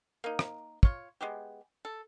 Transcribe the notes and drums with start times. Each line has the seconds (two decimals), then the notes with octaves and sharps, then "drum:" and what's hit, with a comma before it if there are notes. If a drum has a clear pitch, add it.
0.24 A#3 D#4
0.39 drum: rim click
0.83 F4 C#5, drum: kick
1.21 G#3 B3 G4
1.85 A4